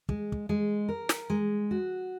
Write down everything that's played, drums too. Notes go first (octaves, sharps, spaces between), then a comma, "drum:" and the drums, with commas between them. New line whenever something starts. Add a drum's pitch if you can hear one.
G#3, drum: kick
drum: kick
G#3
A#4
drum: snare
G#3
F#4